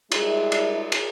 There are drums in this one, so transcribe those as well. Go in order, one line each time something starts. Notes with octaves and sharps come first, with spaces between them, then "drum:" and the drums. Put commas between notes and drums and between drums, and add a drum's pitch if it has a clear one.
G3 G#3 D4 E4, drum: cymbal
drum: cymbal
drum: cymbal